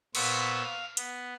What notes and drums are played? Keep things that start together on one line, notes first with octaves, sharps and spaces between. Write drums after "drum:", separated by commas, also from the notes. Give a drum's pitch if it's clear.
A#2 B3 C5 C#6 E6, drum: cymbal
F5
B3, drum: hi-hat